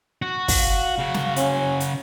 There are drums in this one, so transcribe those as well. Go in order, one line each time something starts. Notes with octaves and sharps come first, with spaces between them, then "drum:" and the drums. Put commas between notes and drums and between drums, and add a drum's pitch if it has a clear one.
F#4
drum: kick, open hi-hat
F5
C#3 F#4
drum: snare
C#4, drum: hi-hat
drum: hi-hat